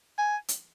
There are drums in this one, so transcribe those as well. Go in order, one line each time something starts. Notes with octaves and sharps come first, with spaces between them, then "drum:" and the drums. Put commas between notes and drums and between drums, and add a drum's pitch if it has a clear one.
G#5
drum: hi-hat